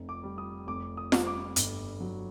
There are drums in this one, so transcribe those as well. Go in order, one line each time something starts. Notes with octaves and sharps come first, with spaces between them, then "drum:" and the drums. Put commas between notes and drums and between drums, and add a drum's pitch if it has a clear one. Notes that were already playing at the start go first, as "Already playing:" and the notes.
Already playing: F1
D6
G3
D#6
F1 D6
D#6
G3, drum: snare F4
D6
G1, drum: hi-hat
F#3